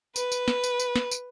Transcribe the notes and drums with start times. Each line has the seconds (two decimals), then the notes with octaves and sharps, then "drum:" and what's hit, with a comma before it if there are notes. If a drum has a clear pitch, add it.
0.16 B4, drum: tambourine
0.32 drum: tambourine
0.48 drum: snare
0.64 drum: tambourine
0.80 drum: tambourine
0.96 drum: snare
1.11 drum: tambourine